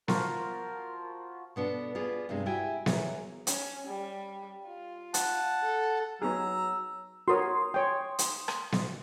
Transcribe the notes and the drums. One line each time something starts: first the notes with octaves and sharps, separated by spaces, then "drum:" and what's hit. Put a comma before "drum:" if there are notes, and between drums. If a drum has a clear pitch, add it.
F3 F4 F#4 A#4, drum: snare B3
B2 B3 D4 A4
B3 F4 G#4 D5
G2 C3 G3 G#3 A5
E4 F#4 G4 E5 G5 G#5
E3 F#3 G#4 A#4, drum: snare B3
C#4, drum: hi-hat
G3
F4
F#5 A5, drum: hi-hat
A4
F#3 B3 D#4 G#4 A#5 E6
F#4 A#4 C#5 C6 D#6
C#5 G5
drum: hi-hat
drum: rim click
drum: snare B3